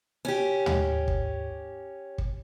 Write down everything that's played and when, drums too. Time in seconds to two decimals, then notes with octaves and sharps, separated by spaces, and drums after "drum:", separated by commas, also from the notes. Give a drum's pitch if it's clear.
0.25 C#4 G4
0.66 drum: tom
1.08 drum: kick
2.18 drum: kick